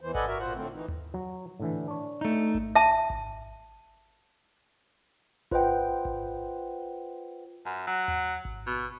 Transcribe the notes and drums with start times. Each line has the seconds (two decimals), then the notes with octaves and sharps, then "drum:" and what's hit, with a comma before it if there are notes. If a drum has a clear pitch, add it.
0.01 E2 E3 C5
0.15 A4 B4 D5 D#5 F#5 G#5, drum: kick G#1
0.27 F#4 A#4 E5
0.39 A#2 F4 C5 F#5
0.54 A2 D3 A3 C4
0.73 E3 D#4
0.88 drum: tom D#2
1.14 F#3
1.60 A2 D3 E3
1.88 D4 C#5
2.21 A3 D#4
2.55 drum: kick G#1
2.75 E5 A5
3.10 drum: kick G#1
5.51 F4 B4 C5 D#5 F#5 G5, drum: kick G#1
6.05 drum: kick G#1
7.66 F#2
7.87 F#3
8.08 drum: tom D#2
8.45 drum: kick G#1
8.67 B2